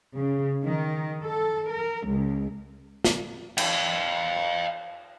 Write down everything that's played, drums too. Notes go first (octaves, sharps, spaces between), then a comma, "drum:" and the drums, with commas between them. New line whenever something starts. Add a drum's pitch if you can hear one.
C#3
D#3
A4
A#4
C#2
drum: snare
F5 G5, drum: cymbal